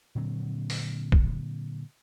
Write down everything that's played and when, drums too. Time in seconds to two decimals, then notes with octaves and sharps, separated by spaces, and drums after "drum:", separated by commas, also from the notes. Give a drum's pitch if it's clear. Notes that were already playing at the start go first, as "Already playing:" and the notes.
0.15 A#2 D3 F#3 C4
0.70 drum: open hi-hat
1.12 drum: kick